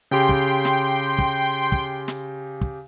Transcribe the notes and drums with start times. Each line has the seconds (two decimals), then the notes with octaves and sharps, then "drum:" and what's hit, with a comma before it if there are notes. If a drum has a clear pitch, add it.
0.11 C#3 G4 G5 C6
0.29 drum: kick
0.65 drum: snare
1.19 drum: kick
1.72 drum: kick
2.08 drum: snare
2.61 drum: kick